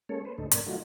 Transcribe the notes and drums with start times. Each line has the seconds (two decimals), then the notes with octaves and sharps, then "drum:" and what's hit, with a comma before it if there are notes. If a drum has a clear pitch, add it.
0.09 G#3 A#3 C#4 A4 C#5
0.25 B4 C5
0.38 D2 A2 D3 D#4 A4
0.51 G2 B2 A#4 D5 G#6, drum: hi-hat
0.66 D#3 F#3 A3 D#4 F4 F#4